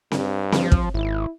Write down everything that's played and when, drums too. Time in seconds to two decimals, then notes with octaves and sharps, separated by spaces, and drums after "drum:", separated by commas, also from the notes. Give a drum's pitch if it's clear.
0.12 G2, drum: snare C4
0.52 F3, drum: snare C4
0.72 drum: kick
0.94 G#1 E4